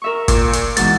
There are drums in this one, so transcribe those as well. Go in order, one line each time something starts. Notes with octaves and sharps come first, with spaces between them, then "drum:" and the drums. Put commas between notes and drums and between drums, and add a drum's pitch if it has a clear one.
A#4 E5 C#6
A#2, drum: kick, hi-hat
drum: hi-hat
G#2 B2 E3 A6, drum: hi-hat